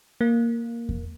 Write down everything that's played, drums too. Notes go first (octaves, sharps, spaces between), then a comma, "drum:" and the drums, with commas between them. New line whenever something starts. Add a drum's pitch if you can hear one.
A#3
drum: kick E2